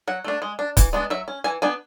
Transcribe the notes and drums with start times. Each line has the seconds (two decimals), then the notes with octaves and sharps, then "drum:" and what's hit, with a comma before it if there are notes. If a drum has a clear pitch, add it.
0.08 F#3 F#5
0.24 A3 D4
0.42 G#3
0.59 D4
0.77 E3, drum: kick C#1, hi-hat
0.93 G#3 B3 D4
1.10 F#3 E5
1.28 C#4
1.44 E3 G#5
1.62 B3 D4 G#5